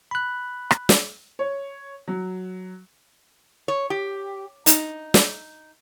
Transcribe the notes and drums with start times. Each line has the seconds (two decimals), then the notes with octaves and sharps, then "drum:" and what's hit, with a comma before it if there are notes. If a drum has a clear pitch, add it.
0.11 B5 F#6
0.71 drum: rim click
0.89 drum: snare
1.39 C#5
2.08 F#3
3.68 C#5
3.90 G4
4.66 D#4, drum: hi-hat
5.14 drum: snare